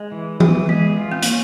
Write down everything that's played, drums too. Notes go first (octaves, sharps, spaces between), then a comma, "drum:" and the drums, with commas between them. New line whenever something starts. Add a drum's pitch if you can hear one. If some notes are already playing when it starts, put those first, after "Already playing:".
Already playing: G#3
E3
E3, drum: tom E3
G#3 G#4
F4
C4
A#3 C#4, drum: hi-hat